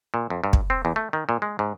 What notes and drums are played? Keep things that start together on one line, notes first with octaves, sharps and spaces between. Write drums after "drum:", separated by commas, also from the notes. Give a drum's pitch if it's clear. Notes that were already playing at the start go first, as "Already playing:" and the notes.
A#2
F2
G2
drum: kick
C4
E2
A3
D#3
A#2
G#3
G#2